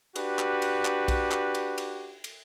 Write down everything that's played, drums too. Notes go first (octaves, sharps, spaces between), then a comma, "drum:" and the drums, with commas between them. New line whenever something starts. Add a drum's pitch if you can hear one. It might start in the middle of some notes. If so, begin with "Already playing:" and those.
D4 F#4 G4 B4, drum: cymbal
drum: clap
drum: cymbal
drum: clap
drum: kick B1, cymbal
drum: clap
drum: cymbal
drum: cymbal
drum: cymbal